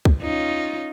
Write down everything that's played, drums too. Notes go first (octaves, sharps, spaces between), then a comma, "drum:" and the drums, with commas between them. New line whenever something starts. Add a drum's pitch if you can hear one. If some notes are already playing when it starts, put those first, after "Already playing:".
drum: kick
C#4 D#4 F4